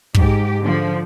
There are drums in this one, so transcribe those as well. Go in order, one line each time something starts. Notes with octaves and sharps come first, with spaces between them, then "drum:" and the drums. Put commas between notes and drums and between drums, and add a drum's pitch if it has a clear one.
G#2 G4, drum: kick
D3 F3